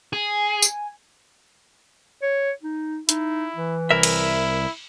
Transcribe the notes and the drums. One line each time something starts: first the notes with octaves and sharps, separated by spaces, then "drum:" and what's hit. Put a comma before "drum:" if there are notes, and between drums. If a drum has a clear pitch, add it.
G#4 G#5
drum: tambourine
C#5
D#4
D#4 E4, drum: hi-hat
E3
C2 E4 A#4 E5
drum: cymbal